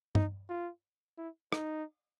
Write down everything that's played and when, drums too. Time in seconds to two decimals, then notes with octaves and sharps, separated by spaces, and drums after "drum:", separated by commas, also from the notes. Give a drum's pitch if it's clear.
0.15 D#4, drum: tom G2
0.49 F4
1.18 E4
1.52 D#4, drum: rim click